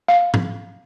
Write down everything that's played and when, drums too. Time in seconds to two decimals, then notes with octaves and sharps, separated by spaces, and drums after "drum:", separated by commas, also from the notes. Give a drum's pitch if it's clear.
0.08 F5
0.34 drum: tom G#2